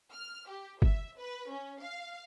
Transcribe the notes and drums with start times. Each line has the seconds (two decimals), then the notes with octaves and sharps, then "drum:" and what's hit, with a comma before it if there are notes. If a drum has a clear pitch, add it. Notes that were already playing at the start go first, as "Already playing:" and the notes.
0.13 F6
0.49 G4
0.82 E5, drum: kick G1
1.18 B4
1.51 C#4
1.81 F5